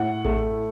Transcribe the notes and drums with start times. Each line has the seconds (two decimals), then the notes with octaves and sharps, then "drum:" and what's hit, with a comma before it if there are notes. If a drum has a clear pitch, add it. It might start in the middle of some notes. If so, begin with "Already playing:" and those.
Already playing: A2 F#5
0.25 A3, drum: kick A1